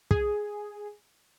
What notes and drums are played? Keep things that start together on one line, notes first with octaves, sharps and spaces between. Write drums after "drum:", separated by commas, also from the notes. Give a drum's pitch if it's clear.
G#4, drum: kick